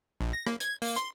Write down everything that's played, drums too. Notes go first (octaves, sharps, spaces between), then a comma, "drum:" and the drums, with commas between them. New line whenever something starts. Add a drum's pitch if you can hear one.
A#1
A#6
A#3, drum: rim click
G#6, drum: hi-hat
A#3, drum: open hi-hat
C6, drum: hi-hat